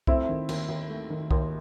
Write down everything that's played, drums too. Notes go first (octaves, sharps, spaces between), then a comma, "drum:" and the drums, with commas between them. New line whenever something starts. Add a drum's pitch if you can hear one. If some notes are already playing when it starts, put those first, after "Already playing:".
A3 C4 E4, drum: kick
D#3
D#2, drum: cymbal
D#2
A3
D#3
D#2, drum: kick